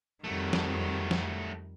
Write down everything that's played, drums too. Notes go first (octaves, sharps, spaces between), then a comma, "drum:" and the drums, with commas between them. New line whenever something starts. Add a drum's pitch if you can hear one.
F2 D#3 F#3 G3 A3
drum: snare
drum: snare